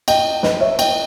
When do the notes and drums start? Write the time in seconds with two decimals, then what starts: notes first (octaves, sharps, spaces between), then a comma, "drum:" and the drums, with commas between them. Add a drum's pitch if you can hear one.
0.08 D#5 G5, drum: cymbal
0.43 B4 D#5, drum: snare
0.61 C#5 E5
0.79 D#5 G5, drum: cymbal